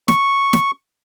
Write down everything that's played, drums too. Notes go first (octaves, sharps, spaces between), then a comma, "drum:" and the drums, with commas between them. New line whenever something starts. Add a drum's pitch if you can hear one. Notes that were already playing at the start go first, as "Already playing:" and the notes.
C#6, drum: snare
drum: snare